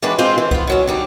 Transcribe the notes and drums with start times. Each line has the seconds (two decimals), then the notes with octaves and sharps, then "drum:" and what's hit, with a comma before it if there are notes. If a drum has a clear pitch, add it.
0.02 E3 G3 G#3 D4 F#4 B4
0.18 G#3 C4 F4 C5
0.38 E3
0.51 B3 F4, drum: kick C2
0.67 B2 F#3 C#4
0.87 D3 G3 D#4